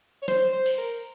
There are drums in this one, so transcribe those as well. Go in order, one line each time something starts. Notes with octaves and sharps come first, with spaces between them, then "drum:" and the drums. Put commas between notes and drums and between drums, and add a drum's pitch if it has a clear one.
C#5
C5, drum: snare
C5
drum: open hi-hat
A#4